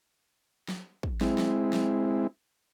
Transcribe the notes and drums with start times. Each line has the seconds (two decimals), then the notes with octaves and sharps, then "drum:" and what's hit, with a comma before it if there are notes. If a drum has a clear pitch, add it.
0.68 drum: snare
1.03 drum: kick
1.21 G#3 C4 E4, drum: snare
1.38 drum: snare
1.73 drum: snare